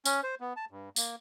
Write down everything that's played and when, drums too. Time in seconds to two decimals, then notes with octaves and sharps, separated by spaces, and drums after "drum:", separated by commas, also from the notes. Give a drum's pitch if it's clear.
0.06 C#4, drum: tambourine
0.24 C5
0.40 B3
0.56 A5
0.71 G2
0.96 A#3, drum: tambourine